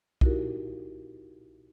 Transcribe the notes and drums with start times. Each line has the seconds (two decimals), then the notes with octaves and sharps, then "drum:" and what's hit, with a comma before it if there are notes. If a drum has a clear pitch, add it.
0.21 D#4 E4 F#4 G4 A#4, drum: kick B1